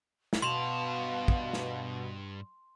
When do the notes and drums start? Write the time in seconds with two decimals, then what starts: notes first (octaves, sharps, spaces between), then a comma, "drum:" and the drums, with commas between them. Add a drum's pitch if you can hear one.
0.33 drum: snare
0.42 G2 B2 F5 A5 C6 F7
1.28 drum: kick
1.53 drum: snare